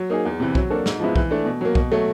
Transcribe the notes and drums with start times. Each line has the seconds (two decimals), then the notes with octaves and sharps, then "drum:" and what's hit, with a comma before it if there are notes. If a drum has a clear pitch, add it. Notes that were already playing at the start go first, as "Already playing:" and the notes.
Already playing: F#3
0.10 A#3 D#4 G#4
0.25 E2
0.40 C3 E3
0.55 F#3, drum: kick B1
0.70 A#3 D4 F#4 A4
0.86 G#2, drum: snare
1.00 F3 G#3 B3 E4
1.16 E3, drum: kick B1
1.31 A3 D4
1.45 B2
1.61 F#3 A#3
1.75 B2, drum: kick B1
1.92 F#3 A3